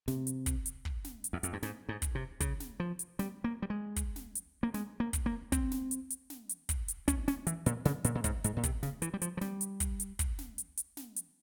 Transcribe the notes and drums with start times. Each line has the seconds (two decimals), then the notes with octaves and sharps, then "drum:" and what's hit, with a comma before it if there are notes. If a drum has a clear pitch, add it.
0.08 C3, drum: snare
0.27 drum: hi-hat
0.46 drum: kick, hi-hat
0.66 drum: hi-hat
0.85 drum: kick
1.04 drum: snare
1.24 drum: hi-hat
1.33 E2
1.43 F2, drum: hi-hat
1.53 G2
1.63 G#2, drum: snare
1.89 G#2
2.02 drum: kick, hi-hat
2.15 C3
2.40 C#3, drum: kick, hi-hat
2.60 drum: snare
2.80 F3
2.99 drum: hi-hat
3.19 G3, drum: snare
3.44 A#3
3.62 G3
3.70 G#3
3.96 drum: kick, hi-hat
4.16 drum: snare
4.35 drum: hi-hat
4.63 A#3
4.74 G#3, drum: snare
5.00 A#3
5.13 drum: kick, hi-hat
5.26 A#3
5.52 C4, drum: kick, hi-hat
5.72 drum: snare
5.91 drum: hi-hat
6.10 drum: hi-hat
6.30 drum: snare
6.49 drum: hi-hat
6.69 drum: kick, hi-hat
6.88 drum: hi-hat
7.08 C#4, drum: kick, hi-hat
7.28 C#4, drum: snare
7.47 E3, drum: hi-hat
7.66 A#2, drum: hi-hat
7.85 C#3, drum: snare
8.04 A#2, drum: hi-hat
8.15 A#2
8.24 G#2, drum: kick, hi-hat
8.44 G#2, drum: hi-hat
8.57 A#2
8.63 C3, drum: kick, hi-hat
8.83 C#3, drum: snare
9.02 E3, drum: hi-hat
9.14 G3
9.22 F3, drum: hi-hat
9.37 F3
9.41 G3, drum: snare
9.61 drum: hi-hat
9.80 drum: kick, hi-hat
10.00 drum: hi-hat
10.19 drum: kick, hi-hat
10.39 drum: snare
10.58 drum: hi-hat
10.77 drum: hi-hat
10.97 drum: snare
11.16 drum: hi-hat